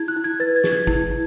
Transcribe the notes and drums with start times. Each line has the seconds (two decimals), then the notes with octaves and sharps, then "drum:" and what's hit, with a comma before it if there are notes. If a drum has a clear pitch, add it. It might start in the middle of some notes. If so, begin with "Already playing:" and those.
Already playing: E4 G#4 G#6
0.08 F#6
0.16 E4
0.24 G#6
0.40 B4 A6
0.56 G#6
0.64 G#4, drum: snare
0.72 G#6
0.87 E4, drum: kick
1.11 E4